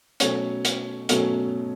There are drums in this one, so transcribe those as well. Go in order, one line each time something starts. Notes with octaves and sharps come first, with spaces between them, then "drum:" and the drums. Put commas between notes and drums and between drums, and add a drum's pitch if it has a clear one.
B2 F#3 A3 C#4 C#5, drum: hi-hat
drum: hi-hat
B2 F#3 A3 C#4, drum: hi-hat